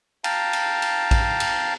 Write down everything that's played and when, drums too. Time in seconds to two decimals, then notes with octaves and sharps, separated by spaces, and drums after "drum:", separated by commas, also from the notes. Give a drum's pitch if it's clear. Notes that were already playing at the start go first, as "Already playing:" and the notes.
0.24 F5 G5 A5 A#5, drum: cymbal
0.53 drum: cymbal
0.82 drum: cymbal
1.11 drum: kick A1, cymbal
1.40 drum: cymbal